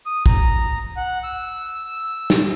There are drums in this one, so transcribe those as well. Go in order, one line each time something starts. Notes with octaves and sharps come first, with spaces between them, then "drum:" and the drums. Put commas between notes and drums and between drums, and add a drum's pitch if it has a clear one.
D#6
A#5, drum: kick
F#5
E6
drum: snare